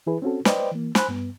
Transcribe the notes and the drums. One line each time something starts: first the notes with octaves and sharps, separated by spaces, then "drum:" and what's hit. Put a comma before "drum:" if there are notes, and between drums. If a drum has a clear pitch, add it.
E3 E4 G#4 B4
C4 C#4 F#4 A4
B4 C5 D5 D#5 G5, drum: snare
E3 A#3
C5 G#5 B5 F#6, drum: snare
G2 B3